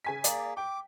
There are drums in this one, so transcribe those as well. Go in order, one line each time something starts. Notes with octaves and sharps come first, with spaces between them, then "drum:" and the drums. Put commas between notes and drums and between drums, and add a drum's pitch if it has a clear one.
C#3 G#5 B6
A#3 G#4 D5, drum: hi-hat
G5 D6